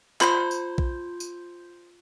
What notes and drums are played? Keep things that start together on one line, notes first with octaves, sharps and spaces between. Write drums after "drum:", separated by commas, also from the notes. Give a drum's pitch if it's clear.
F4 C5 B5 G6, drum: clap
drum: tambourine
drum: kick A#1
drum: tambourine